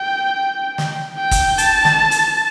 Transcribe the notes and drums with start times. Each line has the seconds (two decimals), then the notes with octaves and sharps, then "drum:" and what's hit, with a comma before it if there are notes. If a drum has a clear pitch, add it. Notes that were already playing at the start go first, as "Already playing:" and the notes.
Already playing: G5
0.78 drum: snare
1.18 G5
1.31 drum: kick, hi-hat
1.58 A5, drum: hi-hat
1.85 drum: snare
2.11 drum: hi-hat